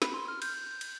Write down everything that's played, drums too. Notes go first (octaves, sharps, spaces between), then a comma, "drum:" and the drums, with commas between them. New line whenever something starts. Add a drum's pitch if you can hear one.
B5, drum: snare
C6
F6
G6, drum: cymbal
drum: cymbal